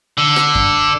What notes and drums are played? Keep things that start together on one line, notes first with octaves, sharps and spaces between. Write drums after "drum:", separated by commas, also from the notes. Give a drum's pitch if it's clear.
D3
drum: rim click
drum: kick F#2